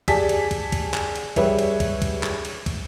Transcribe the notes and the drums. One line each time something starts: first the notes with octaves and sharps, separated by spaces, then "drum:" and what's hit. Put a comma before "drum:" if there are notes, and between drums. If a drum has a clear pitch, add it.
G4 G#4 D5 G#5 A5 B6, drum: kick, cymbal
drum: cymbal
drum: kick, cymbal
drum: kick, cymbal
drum: clap
drum: cymbal
G3 G#4 B4 C#5 E5, drum: kick, cymbal
drum: cymbal
drum: kick, cymbal
drum: kick, cymbal
drum: clap
drum: cymbal
drum: kick, cymbal